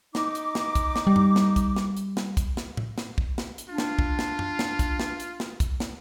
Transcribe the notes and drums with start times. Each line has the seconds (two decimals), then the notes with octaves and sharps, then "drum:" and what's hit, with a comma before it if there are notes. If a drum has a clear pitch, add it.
0.15 D#4 D6, drum: snare
0.35 drum: hi-hat
0.55 drum: snare
0.75 drum: kick, hi-hat
0.96 drum: snare
1.07 G3
1.16 drum: tom F#2
1.36 drum: snare
1.56 drum: kick, hi-hat
1.76 drum: snare
1.97 drum: hi-hat
2.17 drum: snare
2.37 drum: kick, hi-hat
2.57 drum: snare
2.77 drum: tom A2
2.98 drum: snare
3.18 drum: kick
3.38 drum: snare
3.58 drum: hi-hat
3.69 D4 F4
3.78 drum: snare
3.99 drum: kick
4.19 drum: snare
4.39 drum: tom F#2
4.59 drum: snare
4.79 drum: kick, hi-hat
5.00 drum: snare
5.20 drum: hi-hat
5.40 drum: snare
5.60 drum: kick, hi-hat
5.80 drum: snare